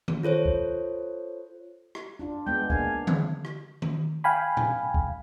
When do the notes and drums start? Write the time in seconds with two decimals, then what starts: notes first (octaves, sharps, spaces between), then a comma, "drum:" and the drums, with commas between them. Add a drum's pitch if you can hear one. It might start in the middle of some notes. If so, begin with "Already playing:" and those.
0.08 drum: tom D#3
0.23 F4 A4 C5 C#5
0.45 drum: kick
1.95 drum: rim click
2.19 D4 F4
2.47 G#3 B3 G5
2.70 A#3 D4 F5 G#5, drum: kick
3.07 drum: tom D3
3.45 drum: rim click
3.82 drum: tom D#3
4.24 F5 G5 G#5 B5
4.57 drum: tom A2
4.94 drum: kick